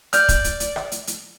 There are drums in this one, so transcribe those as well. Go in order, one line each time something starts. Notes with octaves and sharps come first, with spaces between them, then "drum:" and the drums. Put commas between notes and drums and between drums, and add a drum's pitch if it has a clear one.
D5 F6 G6, drum: hi-hat
drum: kick, hi-hat
drum: hi-hat
drum: hi-hat
drum: rim click
drum: hi-hat
drum: hi-hat